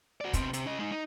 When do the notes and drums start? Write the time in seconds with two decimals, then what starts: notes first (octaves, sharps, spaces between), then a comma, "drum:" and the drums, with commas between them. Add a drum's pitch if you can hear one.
0.21 F#4 D5
0.33 B2 C4, drum: kick, hi-hat
0.53 C3, drum: hi-hat
0.66 C#4 D#5
0.79 G#3 D#4
0.91 D#4